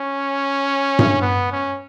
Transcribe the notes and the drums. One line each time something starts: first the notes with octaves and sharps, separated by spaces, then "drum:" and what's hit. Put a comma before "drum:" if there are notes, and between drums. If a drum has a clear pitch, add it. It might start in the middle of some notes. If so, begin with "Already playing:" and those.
Already playing: C#4
drum: tom G2
B3
C#4